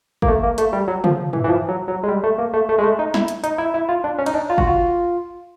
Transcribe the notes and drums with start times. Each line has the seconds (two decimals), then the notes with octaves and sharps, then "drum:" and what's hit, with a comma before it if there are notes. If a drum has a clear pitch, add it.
0.22 A#3, drum: kick G1
0.28 A3
0.43 A#3
0.58 A3, drum: hi-hat
0.73 G3
0.88 F#3
1.04 F3, drum: tom
1.33 E3, drum: tom
1.44 E3
1.48 F3
1.69 F#3
1.88 F#3
2.03 G#3
2.08 G3
2.23 A3
2.38 A#3
2.53 A3
2.69 A3
2.78 G#3
2.83 A3
2.99 D#4
3.14 E4, drum: snare
3.28 drum: hi-hat
3.44 D#4, drum: hi-hat
3.58 E4
3.74 E4
3.89 F4
4.04 D4
4.18 C#4
4.26 D#4, drum: cymbal
4.34 D4
4.50 F4
4.58 F#4, drum: kick G1
4.67 F4